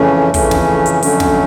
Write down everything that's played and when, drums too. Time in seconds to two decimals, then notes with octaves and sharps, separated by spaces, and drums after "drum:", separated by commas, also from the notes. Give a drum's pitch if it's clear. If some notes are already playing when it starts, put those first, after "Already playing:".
Already playing: F2 C#3 E3 A3 C#4
0.34 F2 C#3 E3 A3 C#4, drum: kick, open hi-hat
0.51 drum: snare
0.86 drum: hi-hat
1.02 F2 D3 F#3 A3 C#4, drum: open hi-hat
1.20 drum: snare